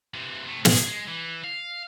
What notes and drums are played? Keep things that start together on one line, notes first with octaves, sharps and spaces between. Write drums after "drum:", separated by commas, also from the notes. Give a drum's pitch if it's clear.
C3 E3
C3 A3
G#4, drum: snare
G#3
E3
F5